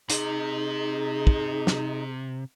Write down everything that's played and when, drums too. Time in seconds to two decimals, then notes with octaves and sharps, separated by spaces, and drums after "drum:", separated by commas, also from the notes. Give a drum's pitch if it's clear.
0.10 C3 D#4 G#4, drum: hi-hat
1.27 drum: kick
1.67 drum: snare